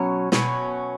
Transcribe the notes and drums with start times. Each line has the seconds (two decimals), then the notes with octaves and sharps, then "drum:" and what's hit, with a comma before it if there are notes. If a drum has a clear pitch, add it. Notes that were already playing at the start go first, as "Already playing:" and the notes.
Already playing: B2 F#3 C#4 C#5
0.32 B2 F#3 C#4, drum: snare